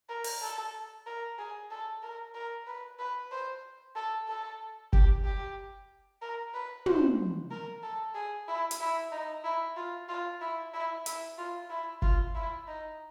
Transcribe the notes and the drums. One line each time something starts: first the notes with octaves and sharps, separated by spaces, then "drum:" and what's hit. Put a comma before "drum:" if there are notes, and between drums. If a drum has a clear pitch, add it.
A#4
drum: open hi-hat
A4
A#4
G#4
A4
A#4
A#4
B4
B4
C5
A4
A4
G4, drum: kick F#1
G4
A#4
B4
C5, drum: tom
A#4
A4
G#4
E4
drum: hi-hat
E4
D#4
E4
F4
F4
E4
E4
E4, drum: hi-hat
F4
E4
F4, drum: kick F#1
E4
D#4